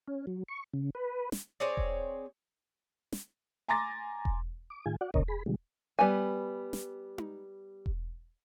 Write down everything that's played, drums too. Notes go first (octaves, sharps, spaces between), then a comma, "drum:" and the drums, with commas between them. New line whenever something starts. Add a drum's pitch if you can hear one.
C#4
F#3
C#6
C#3
B4
drum: snare
C4 G#4 C#5 D5
drum: kick E1
drum: snare
G#5 A#5 C6 D6 A6 A#6
drum: kick E1
D6
A2 D#3 F4 G#4 G#5
F#4 D5 F#5
D2 B2 D3 A#4 C#5 D#5, drum: kick E1
G#4 B5
B2 D3 F3 G3 G#3
G3 B3 F#5 G#5
drum: snare
drum: tom D#4
drum: kick E1